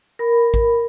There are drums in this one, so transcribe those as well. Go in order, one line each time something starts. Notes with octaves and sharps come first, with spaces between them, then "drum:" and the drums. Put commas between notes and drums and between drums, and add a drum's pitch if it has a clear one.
A#4 B5
drum: kick